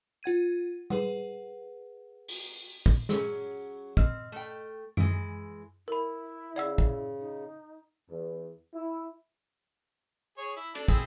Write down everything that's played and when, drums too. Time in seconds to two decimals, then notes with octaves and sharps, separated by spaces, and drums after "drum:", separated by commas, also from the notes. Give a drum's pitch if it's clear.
0.23 F4 F#5 G#6 D#7
0.90 G#4 B4 F#5, drum: tom G3
2.28 drum: open hi-hat
2.86 drum: kick
3.09 F#3 C#4 G#4, drum: snare
3.97 C4 D#5 F6, drum: kick
4.32 A3 G5
4.97 E3 G#3 D7, drum: tom F#2
5.88 E4 A#4 B5
6.56 C#3 D5 F#5 E6
6.78 drum: kick
7.19 D#4
8.10 E2
8.74 E4
10.38 G#4 C#5
10.57 E4
10.75 D4 A4 D5, drum: cymbal
10.88 C4 E4 G#4, drum: kick